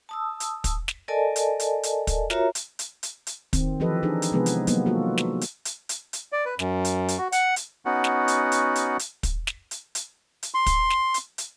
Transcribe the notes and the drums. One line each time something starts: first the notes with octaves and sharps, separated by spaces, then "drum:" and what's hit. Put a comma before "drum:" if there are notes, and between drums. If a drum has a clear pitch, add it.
A5 D#6 E6
drum: hi-hat
drum: kick, hi-hat
drum: snare
A4 A#4 D5 D#5 G#5 A5
drum: hi-hat
drum: hi-hat
drum: hi-hat
drum: kick, hi-hat
F4 F#4 A#4 C#5 E5 A#5, drum: snare
drum: hi-hat
drum: hi-hat
drum: hi-hat
drum: hi-hat
D#3 C4, drum: kick, hi-hat
E3 F3 G4 A4 B4 D#5
D4 D#4 G#4
drum: hi-hat
C3 F3 G#3 B3 G#4 B4
drum: hi-hat
F#3 A#3 B3 D#4, drum: hi-hat
A#3 F4 F#4 A4
drum: snare
drum: hi-hat
drum: hi-hat
drum: hi-hat
drum: hi-hat
D5
B4
F#2, drum: snare
drum: hi-hat
drum: hi-hat
F#4
F#5, drum: hi-hat
drum: hi-hat
B3 C#4 D#4 F#4 F#5
drum: snare
drum: hi-hat
drum: hi-hat
drum: hi-hat
drum: hi-hat
drum: kick, hi-hat
drum: snare
drum: hi-hat
drum: hi-hat
drum: hi-hat
C6
drum: kick, hi-hat
drum: snare
drum: hi-hat
drum: hi-hat